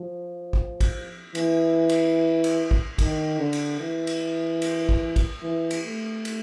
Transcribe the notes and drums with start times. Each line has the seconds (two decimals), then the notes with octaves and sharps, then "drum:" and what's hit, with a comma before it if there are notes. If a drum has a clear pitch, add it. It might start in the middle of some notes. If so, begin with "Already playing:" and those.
Already playing: F3
0.53 drum: kick G#1
0.81 drum: kick G#1, cymbal
1.35 E3, drum: cymbal
1.89 drum: cymbal
2.44 drum: cymbal
2.71 drum: kick G#1
2.98 D#3, drum: kick G#1, cymbal
3.39 D3
3.53 drum: cymbal
3.80 E3
4.07 drum: cymbal
4.62 drum: cymbal
4.89 drum: kick G#1
5.16 drum: kick G#1, cymbal
5.43 E3
5.71 drum: cymbal
5.84 A3
6.25 drum: cymbal